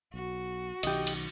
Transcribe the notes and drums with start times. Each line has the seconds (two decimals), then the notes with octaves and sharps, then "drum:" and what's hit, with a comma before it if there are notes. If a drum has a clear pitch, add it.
0.14 B1 F#4
0.83 B1 D#3 G4 D#5, drum: cymbal
1.07 drum: cymbal